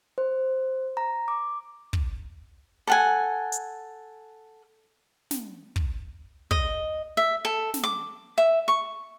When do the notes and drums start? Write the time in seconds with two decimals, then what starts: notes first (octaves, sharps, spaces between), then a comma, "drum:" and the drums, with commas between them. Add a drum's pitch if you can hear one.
0.18 C5
0.97 A#5
1.28 D6
1.93 drum: kick
2.87 A4 F#5 G#5
3.52 drum: hi-hat
5.31 drum: snare
5.76 drum: kick
6.51 D#5, drum: kick
7.17 E5
7.45 A4
7.74 drum: snare
7.84 D6
8.38 E5
8.68 C#6